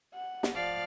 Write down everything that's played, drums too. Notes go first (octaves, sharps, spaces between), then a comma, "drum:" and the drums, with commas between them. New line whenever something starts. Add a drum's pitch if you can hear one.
F#5
drum: snare
F3 D5 F5